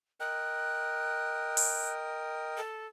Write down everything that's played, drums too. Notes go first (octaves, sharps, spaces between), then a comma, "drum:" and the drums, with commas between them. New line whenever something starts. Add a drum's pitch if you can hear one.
A#4 D#5 G5 F#6
drum: open hi-hat
A4